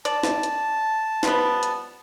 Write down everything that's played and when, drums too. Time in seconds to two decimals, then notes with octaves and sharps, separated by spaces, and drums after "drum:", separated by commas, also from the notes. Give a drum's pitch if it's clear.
0.05 D5 A5, drum: hi-hat
0.23 drum: snare
0.43 drum: hi-hat
1.23 F3 G3 B3, drum: snare
1.63 drum: hi-hat